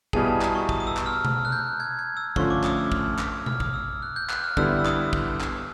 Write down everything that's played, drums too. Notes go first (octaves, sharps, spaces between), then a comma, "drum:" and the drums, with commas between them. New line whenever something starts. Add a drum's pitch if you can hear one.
B2 G3 B3 E4 G#4 A5, drum: kick
A5
A#5, drum: clap
C#6
D#6, drum: kick
D#6
E6
drum: clap
F6
drum: tom B2
F#6
G6
G#6
G#6
E6
D3 F3 A3 C#4 F4 C#6, drum: kick
D6
D#6, drum: clap
E6
F6, drum: kick
drum: clap
F6, drum: tom B2
D#6, drum: kick
E6
F#6
G6
F#6, drum: clap
F6
D3 G3 B3 E4 E6, drum: kick
E6
D#6, drum: clap
drum: kick
drum: clap